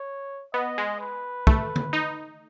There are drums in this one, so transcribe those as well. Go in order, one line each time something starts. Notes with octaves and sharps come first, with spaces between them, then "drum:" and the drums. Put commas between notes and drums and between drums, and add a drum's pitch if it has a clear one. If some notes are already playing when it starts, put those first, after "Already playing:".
Already playing: C#5
B3 D#5
G#3
B4
A3, drum: kick
drum: tom D3
D#4